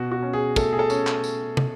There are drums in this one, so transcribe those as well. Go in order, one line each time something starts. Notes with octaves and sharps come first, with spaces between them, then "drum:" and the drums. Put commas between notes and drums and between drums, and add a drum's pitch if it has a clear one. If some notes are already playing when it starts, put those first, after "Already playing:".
Already playing: B2 F#4
F#4
C#4
G#4
A3 A4, drum: kick, tambourine
G#4
A4
C#4, drum: tambourine
drum: clap
drum: tambourine
drum: tom